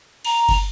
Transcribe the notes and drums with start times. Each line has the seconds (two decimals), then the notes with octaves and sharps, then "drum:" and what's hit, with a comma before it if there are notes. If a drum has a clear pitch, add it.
0.25 A#5, drum: cymbal
0.49 drum: kick F#1, cymbal